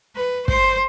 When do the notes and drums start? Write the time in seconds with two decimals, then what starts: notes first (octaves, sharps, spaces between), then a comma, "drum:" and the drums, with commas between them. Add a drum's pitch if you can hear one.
0.16 B4
0.48 C5, drum: kick